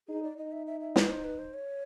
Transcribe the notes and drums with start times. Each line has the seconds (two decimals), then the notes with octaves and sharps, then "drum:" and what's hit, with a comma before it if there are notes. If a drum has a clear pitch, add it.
0.08 D#4 G#4
0.23 D5
0.37 D#4 D#5
0.52 E5
0.66 E5
0.80 E5
0.96 D5, drum: snare
1.03 B4
1.10 C5
1.24 B4
1.39 C5
1.54 C#5